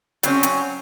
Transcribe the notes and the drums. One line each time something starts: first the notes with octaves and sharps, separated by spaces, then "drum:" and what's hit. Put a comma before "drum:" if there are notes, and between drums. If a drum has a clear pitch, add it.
F#3 C4 C#4, drum: hi-hat
drum: hi-hat